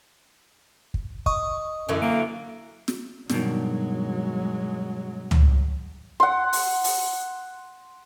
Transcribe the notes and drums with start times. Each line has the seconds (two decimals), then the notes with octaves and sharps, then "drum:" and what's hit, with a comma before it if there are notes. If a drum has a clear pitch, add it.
0.94 drum: kick
1.26 D#5 C#6 D#6, drum: kick
1.89 F#2 D3 E3 F#3
2.02 A#3 D7
2.88 drum: snare
3.30 G2 B2 D#3 F#3 G#3, drum: snare
5.31 drum: tom C#2
6.20 F#5 C6
6.53 drum: open hi-hat
6.84 drum: open hi-hat